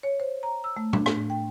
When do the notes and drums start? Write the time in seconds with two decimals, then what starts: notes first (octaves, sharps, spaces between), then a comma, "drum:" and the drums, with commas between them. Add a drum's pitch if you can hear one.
0.03 C#5
0.20 C5
0.43 A#5
0.64 E6
0.77 A3
0.93 D4, drum: tom
1.06 A2, drum: rim click
1.30 G5